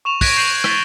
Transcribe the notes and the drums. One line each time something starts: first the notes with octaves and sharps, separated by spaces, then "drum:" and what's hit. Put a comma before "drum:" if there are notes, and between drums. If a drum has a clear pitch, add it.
C#6 E7 F7
F#6 G#6 A#6 B6 D7 D#7, drum: kick, open hi-hat
G6 C7 D#7 F#7
A6 B6 G7, drum: rim click